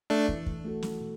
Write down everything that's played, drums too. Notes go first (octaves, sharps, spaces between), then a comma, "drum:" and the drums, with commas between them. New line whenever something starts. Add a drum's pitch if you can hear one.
A3 D4
E3, drum: kick
drum: kick
A3 F#4 A4
drum: snare
B2